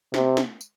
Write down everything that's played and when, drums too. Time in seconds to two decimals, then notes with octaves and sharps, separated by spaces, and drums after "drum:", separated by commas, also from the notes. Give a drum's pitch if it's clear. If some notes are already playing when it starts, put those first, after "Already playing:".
0.14 C3, drum: snare
0.37 drum: snare
0.61 drum: tambourine